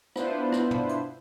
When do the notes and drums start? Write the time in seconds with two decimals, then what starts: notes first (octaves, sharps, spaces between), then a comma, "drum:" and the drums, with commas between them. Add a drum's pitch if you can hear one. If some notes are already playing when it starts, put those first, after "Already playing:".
0.16 B3 D4 E4 F4 B4 C5, drum: rim click
0.52 drum: rim click
0.71 drum: tom
0.89 drum: hi-hat